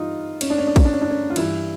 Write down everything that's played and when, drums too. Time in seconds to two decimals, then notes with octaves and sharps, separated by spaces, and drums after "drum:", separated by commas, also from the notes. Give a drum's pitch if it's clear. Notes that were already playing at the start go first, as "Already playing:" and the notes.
Already playing: G2 E3 D#4 F4
0.41 C#4, drum: cymbal
0.50 D4
0.58 C#4
0.67 D4
0.76 C#4, drum: kick, cymbal
0.85 D4
0.93 C#4
1.01 D4
1.10 C#4
1.30 F4
1.36 G2 E3 E4, drum: cymbal